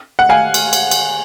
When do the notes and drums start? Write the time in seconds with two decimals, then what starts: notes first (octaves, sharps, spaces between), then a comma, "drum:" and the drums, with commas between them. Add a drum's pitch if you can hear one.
0.19 F#5
0.29 F5 G#5
0.54 drum: cymbal
0.73 drum: cymbal
0.91 drum: cymbal